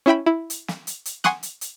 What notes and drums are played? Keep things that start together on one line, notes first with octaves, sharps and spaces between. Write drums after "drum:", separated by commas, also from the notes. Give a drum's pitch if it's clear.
C#4 E4 E5 G5 B5
E4
drum: hi-hat
drum: snare
drum: hi-hat
drum: hi-hat
F#5 G#5 C6 C#6 D#6 F#6, drum: snare
drum: hi-hat
drum: hi-hat